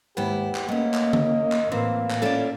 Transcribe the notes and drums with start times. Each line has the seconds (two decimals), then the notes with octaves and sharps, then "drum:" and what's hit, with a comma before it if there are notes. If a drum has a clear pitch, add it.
0.17 D#2 G#2 B3 E4 G4
0.55 drum: clap
0.68 A3 A#3 C#4 D#5
0.94 drum: clap
1.13 drum: tom D3
1.52 drum: clap
1.72 A2 E3 A#3 C4
2.11 drum: clap
2.22 C#4 E4 F4 A4 D5